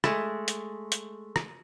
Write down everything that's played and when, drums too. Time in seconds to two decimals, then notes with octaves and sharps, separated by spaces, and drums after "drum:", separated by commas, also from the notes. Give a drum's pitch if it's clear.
0.04 G#3 A3, drum: rim click
0.48 drum: hi-hat
0.92 drum: hi-hat
1.36 drum: rim click